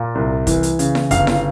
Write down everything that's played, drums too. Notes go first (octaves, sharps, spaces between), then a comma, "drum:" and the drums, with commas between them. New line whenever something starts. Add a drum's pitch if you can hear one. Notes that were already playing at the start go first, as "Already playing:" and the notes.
Already playing: A#2
C2
E3, drum: kick, hi-hat
drum: hi-hat
C#3, drum: hi-hat
drum: snare E4
G1 F5, drum: kick, hi-hat
drum: snare E4